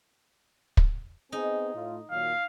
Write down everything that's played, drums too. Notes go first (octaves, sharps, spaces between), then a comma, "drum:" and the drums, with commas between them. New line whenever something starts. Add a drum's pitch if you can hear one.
drum: kick
B3 C4 D#4 G#4
A2 F4
A#2 D#3 F#3 F5